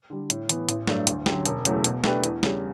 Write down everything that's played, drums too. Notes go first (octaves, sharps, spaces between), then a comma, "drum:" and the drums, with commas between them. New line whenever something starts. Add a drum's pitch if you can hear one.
D3 G3
A2, drum: hi-hat
E3 B3, drum: hi-hat
A1, drum: hi-hat
G2 F#3 A3 D4, drum: snare
D2, drum: hi-hat
D3 F#3 C#4 G4, drum: snare
E1, drum: hi-hat
E2 C#3 F#3 A3, drum: hi-hat
B2, drum: hi-hat
A3 D4 G4 B4, drum: snare
E2, drum: hi-hat
C#3 G3, drum: snare